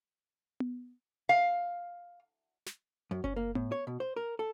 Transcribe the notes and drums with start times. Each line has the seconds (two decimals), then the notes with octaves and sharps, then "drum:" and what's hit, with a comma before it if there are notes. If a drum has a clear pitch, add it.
0.60 drum: tom B3
1.29 F5
2.66 drum: snare
3.11 F#2
3.24 C#4, drum: kick F#1
3.36 A#3
3.55 A2, drum: tom B3
3.72 C#5
3.87 B2
4.00 C5
4.16 A#4
4.39 A4